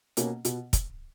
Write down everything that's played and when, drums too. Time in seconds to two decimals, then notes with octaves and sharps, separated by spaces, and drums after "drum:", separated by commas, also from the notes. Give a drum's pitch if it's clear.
0.17 B2 A#3 C#4, drum: hi-hat
0.45 B2, drum: hi-hat
0.73 drum: kick, hi-hat